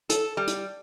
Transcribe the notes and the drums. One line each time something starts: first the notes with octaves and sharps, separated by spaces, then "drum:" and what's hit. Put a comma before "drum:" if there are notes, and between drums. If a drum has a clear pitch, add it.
A4, drum: hi-hat
G3
drum: hi-hat